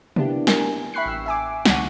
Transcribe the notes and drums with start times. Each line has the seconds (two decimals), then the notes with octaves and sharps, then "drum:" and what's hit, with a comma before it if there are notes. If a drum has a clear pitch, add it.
0.16 A#3 B3 D4 E4 G4, drum: tom C3
0.47 A#4 G#5, drum: snare
0.94 E5 G5 B5 C#6 F#6 C7
1.06 A1 E6
1.26 E5 G#5 D6
1.65 C#2 D#3 F#5 C#6 D#7, drum: snare